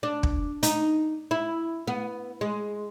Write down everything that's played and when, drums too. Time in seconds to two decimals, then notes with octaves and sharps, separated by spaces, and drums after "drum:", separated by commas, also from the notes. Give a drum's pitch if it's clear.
0.03 D4
0.23 drum: kick
0.63 D#4, drum: hi-hat
1.31 E4
1.87 B3
2.41 G#3